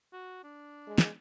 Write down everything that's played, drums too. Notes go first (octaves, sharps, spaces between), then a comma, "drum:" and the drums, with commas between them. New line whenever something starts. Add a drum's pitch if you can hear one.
F#4
D4
G#3
drum: snare